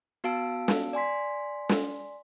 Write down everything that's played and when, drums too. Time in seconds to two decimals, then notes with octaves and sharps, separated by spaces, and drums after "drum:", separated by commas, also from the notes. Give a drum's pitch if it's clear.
0.24 B3 F#4 F5 A5 E6 D7
0.68 drum: snare
0.93 D5 G#5 C6 B6
1.69 drum: snare